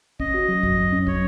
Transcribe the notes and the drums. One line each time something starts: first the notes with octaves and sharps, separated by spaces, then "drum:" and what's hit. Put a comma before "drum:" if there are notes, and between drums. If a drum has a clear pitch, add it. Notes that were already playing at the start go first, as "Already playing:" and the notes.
C#4 D#5, drum: kick
F#4
F#3
F#2, drum: kick
F#2
C#4
F#3 C#5, drum: kick